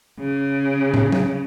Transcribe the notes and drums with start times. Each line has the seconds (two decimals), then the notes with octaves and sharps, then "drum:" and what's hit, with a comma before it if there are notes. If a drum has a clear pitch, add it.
0.19 C#3
0.94 drum: tom
1.12 drum: tom F#3